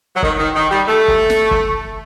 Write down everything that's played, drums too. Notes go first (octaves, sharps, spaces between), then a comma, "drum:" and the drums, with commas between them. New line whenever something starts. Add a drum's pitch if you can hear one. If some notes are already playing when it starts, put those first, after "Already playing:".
F#3
D#3, drum: kick F#1
D#3
D#3
G3
A3
drum: kick F#1
drum: snare
drum: kick F#1